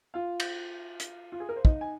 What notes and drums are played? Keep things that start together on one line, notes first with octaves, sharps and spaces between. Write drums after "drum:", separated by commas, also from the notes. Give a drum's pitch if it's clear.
F4 F5
drum: cymbal
drum: hi-hat
F4
G#4
A#4
C5
D#4 D#5, drum: kick
G#5